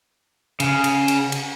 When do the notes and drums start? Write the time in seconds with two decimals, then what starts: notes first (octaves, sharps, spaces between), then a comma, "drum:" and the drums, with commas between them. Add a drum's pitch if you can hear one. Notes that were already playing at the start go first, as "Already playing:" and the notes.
0.60 C#3, drum: cymbal
0.84 drum: cymbal
1.08 drum: cymbal
1.32 drum: cymbal